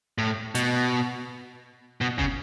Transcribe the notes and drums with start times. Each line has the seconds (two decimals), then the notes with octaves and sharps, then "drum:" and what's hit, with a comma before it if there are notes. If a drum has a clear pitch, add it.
0.18 A2
0.55 B2, drum: hi-hat
2.01 B2
2.19 C#3, drum: kick F#1